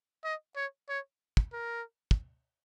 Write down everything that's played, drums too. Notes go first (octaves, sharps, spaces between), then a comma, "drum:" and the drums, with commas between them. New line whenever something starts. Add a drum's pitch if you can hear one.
D#5
C#5
C#5
drum: kick
A#4
drum: kick